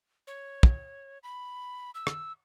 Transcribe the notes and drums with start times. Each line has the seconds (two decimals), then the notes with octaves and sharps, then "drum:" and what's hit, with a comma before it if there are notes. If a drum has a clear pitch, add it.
0.27 C#5
0.63 drum: kick
1.23 B5
1.95 E6
2.07 drum: rim click